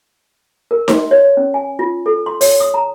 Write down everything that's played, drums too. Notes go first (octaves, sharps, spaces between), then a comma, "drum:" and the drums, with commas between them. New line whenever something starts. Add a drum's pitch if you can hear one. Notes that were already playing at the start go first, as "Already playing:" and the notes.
A#4
C6, drum: snare D#4
C#5
C#4
G#5
F4
A4
C6
C#5, drum: open hi-hat
D#6
A#5